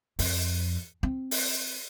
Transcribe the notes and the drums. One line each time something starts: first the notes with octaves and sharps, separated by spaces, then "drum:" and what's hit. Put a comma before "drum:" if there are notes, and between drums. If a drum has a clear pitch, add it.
F2, drum: open hi-hat
C4
drum: open hi-hat